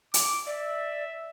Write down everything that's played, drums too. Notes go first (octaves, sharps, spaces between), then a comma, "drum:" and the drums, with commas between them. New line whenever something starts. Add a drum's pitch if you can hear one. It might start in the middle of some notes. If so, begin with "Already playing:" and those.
D6, drum: hi-hat
D5 E5